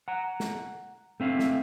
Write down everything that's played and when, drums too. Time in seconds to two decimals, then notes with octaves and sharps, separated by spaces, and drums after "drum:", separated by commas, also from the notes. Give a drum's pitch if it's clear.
0.08 F#5 A#5
0.40 drum: snare
1.20 A3 C4 E5 F5
1.39 drum: snare